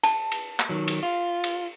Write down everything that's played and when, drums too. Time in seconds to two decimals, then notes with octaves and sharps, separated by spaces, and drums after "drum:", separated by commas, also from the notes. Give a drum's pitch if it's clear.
0.04 A5, drum: cymbal
0.32 drum: cymbal
0.60 drum: clap
0.69 D#3 F#3
0.88 drum: cymbal
1.03 F4
1.44 drum: cymbal